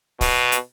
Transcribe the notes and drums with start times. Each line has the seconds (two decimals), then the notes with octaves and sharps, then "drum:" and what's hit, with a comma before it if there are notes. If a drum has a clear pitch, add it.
0.21 B2, drum: kick, open hi-hat
0.52 drum: hi-hat